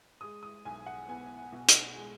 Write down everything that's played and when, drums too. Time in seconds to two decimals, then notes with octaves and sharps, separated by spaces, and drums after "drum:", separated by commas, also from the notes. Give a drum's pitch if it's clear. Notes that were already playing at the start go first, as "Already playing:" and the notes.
0.21 G#3 D#6
0.43 D#6
0.65 B1 G#5
0.86 F#5
1.08 B3 G#5
1.52 B2
1.68 drum: hi-hat
1.95 G#3